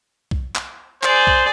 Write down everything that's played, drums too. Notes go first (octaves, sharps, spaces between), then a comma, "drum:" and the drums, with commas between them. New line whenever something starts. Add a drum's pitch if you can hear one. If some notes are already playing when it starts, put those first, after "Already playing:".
drum: kick B1
drum: clap
G#4 C5 D5, drum: clap
drum: kick B1